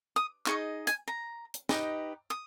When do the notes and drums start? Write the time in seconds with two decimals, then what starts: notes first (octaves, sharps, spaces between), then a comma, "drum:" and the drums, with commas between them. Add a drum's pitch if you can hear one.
0.16 D#6
0.46 D#4 G#4 D#5 C#6, drum: clap
0.87 G#5, drum: hi-hat
1.08 A#5
1.54 drum: hi-hat
1.69 D#4 G4 B4 D#5, drum: snare
2.30 D#6